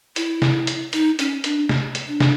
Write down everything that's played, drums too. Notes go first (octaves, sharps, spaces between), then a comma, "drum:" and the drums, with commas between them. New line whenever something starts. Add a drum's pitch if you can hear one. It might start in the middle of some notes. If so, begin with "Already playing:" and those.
E4, drum: hi-hat
drum: snare
drum: hi-hat
D#4, drum: hi-hat
C#4, drum: hi-hat
D4, drum: hi-hat
drum: snare
drum: hi-hat
D4
drum: snare